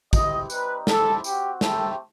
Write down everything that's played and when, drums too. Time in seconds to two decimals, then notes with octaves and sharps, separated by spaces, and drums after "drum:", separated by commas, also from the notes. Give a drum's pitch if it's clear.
0.13 C4 E4 G4 D#5, drum: kick, tambourine
0.50 G3 C4 D#4 B4, drum: tambourine
0.87 C4 E4 G4 A4, drum: snare
1.24 C4 F#4 G4, drum: tambourine
1.61 A3 C4 E4 G4 A4, drum: snare